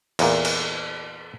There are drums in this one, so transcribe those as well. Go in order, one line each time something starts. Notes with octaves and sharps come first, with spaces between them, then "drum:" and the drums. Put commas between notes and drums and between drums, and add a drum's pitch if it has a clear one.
E2 A#2, drum: cymbal
drum: cymbal